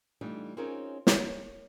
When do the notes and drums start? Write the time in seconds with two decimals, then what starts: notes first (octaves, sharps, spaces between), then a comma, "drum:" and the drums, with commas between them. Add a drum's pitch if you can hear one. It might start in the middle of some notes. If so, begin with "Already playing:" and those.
0.21 E3 G3 A3 D4 D#4 F4
0.57 C4 C#4 D#4 F4 G#4 A#4
1.07 A#4 C#5, drum: snare